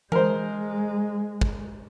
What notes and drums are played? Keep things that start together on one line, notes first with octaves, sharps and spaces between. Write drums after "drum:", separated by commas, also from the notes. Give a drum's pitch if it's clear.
G#3 A#4 C5, drum: tom E3
drum: kick